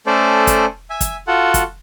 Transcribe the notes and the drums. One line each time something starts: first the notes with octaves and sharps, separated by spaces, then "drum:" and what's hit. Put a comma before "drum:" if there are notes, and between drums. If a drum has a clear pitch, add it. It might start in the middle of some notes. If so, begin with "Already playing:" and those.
A3 C#4 A4 C5 D5
drum: kick, hi-hat
E5 G#5
drum: kick, hi-hat
F4 F#4 A4 F#5
drum: kick, hi-hat